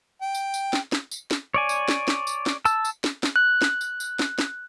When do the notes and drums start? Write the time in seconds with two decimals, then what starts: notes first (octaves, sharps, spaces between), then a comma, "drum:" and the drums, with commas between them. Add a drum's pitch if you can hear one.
0.22 G5
0.35 drum: tambourine
0.54 drum: tambourine
0.73 drum: snare
0.92 drum: snare
1.11 drum: tambourine
1.31 drum: snare
1.54 C#5 D5 G#5
1.69 drum: tambourine
1.88 drum: snare
2.08 drum: snare
2.27 drum: tambourine
2.46 drum: snare
2.65 A5 E6, drum: tambourine
2.85 drum: tambourine
3.04 drum: snare
3.23 drum: snare
3.36 F#6
3.62 drum: snare
3.81 drum: tambourine
4.00 drum: tambourine
4.19 drum: snare
4.39 drum: snare